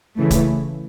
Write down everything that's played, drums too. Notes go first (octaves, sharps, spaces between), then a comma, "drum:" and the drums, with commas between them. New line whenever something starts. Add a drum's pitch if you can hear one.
C#3 E3 A3
drum: kick, hi-hat